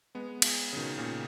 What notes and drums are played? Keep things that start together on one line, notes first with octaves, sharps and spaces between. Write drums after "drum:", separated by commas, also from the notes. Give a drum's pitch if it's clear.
G#3 B3
drum: cymbal
C#3
B2 D#3
A#2 C#3